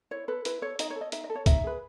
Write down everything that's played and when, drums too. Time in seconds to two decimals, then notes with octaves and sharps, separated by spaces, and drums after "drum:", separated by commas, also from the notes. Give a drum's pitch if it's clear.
0.11 E4 C#5
0.28 A4 B4
0.45 E4 B4, drum: hi-hat
0.62 A4 C#5
0.79 D#4 D#5, drum: hi-hat
0.90 C#5
0.96 A4
1.01 D#5
1.12 D#4 E5, drum: hi-hat
1.24 D#5
1.30 A4
1.35 C#5
1.46 D#4 E5, drum: kick, hi-hat
1.64 G#4 B4